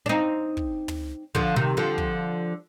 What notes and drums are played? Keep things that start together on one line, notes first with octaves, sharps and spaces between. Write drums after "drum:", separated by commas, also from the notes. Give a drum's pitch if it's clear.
D4
C4 D#4
drum: kick
drum: tom
D3 F3, drum: kick
C3 D#3
D3 F3
drum: kick